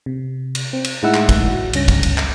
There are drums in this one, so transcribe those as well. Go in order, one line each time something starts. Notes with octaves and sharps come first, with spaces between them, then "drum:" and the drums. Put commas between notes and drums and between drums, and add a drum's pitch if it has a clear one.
C3
drum: cymbal
C4
drum: cymbal
A2 G#3 D#4 E4 F#5 E6
drum: clap
drum: kick, cymbal
F#4
C#2 G2 C#4 A#6, drum: cymbal
drum: kick, cymbal
drum: cymbal
drum: clap